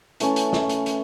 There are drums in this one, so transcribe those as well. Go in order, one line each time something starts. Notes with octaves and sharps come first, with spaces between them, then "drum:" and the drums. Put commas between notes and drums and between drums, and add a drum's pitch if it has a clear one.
E3 A3 C#4, drum: hi-hat
drum: hi-hat
drum: snare
drum: hi-hat
drum: hi-hat